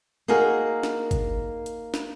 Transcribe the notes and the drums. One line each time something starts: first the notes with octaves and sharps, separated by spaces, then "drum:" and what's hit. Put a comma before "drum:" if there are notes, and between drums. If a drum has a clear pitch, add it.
A#3 D#4 F#4 G#4 A#4
drum: snare
drum: kick, hi-hat
drum: hi-hat
drum: snare